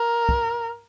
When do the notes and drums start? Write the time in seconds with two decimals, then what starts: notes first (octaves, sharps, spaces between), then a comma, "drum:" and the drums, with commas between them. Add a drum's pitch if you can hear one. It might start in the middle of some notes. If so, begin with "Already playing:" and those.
Already playing: A#4
0.29 drum: kick